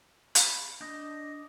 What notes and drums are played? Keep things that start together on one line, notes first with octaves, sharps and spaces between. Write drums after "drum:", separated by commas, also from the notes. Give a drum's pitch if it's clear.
B5, drum: hi-hat
D4 D#5 G6